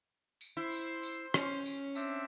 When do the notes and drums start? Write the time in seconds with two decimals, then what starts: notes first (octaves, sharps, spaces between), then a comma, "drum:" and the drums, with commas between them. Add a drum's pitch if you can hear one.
0.41 drum: tambourine
0.57 E4 C5 C6
0.72 drum: tambourine
1.03 drum: tambourine
1.34 C#4, drum: rim click
1.65 drum: tambourine
1.95 C4 D4 E5, drum: tambourine